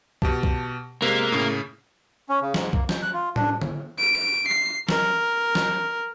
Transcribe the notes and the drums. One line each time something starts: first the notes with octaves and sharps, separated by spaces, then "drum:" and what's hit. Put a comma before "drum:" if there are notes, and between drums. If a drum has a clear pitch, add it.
B2 G4 A5, drum: kick
drum: kick
C3 G#3 A#3
A2 C#3
C#4
C#3
G#2, drum: snare F3
A#3, drum: kick
G6, drum: snare F3
F#6
F4
D4, drum: tom A2
drum: tom D3
D7
C7
A#4, drum: snare F3
drum: snare F3